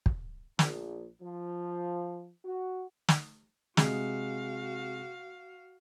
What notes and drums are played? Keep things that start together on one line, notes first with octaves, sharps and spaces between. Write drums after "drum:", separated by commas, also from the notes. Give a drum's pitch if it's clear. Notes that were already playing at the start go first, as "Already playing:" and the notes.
drum: kick
A#1, drum: snare
F3
F#4
drum: snare
C3 G#3 F#4 F5, drum: snare